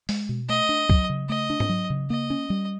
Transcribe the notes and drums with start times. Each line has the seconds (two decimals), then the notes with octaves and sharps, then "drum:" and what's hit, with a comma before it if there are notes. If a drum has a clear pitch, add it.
0.09 G#3, drum: open hi-hat
0.29 B2
0.49 A3 D#5
0.69 D4
0.90 F#3, drum: kick
1.10 C#3
1.29 A3 D#5
1.50 D4
1.60 drum: tom G#2
1.69 F#3
1.90 C#3
2.10 A#3 D#5
2.30 C#4
2.50 G3